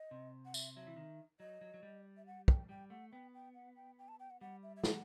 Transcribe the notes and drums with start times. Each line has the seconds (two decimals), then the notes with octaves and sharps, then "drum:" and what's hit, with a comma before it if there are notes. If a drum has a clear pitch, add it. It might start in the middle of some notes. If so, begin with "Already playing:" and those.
Already playing: D#5
0.11 C3
0.45 F#5
0.54 E5, drum: tambourine
0.75 F#3 E5
0.87 E3
0.96 D#3
1.40 F#3 D#5
1.61 F#3
1.74 F#3
1.83 G3
2.17 E5
2.26 F#5
2.48 G5, drum: kick
2.69 G3 G5
2.90 A3 F#5
3.12 B3 G5
3.34 G5
3.54 F#5
3.76 G5
3.99 G5
4.08 A5
4.20 G5
4.31 F#5
4.41 G3 F#5
4.63 E5
4.76 E5
4.83 F#5, drum: snare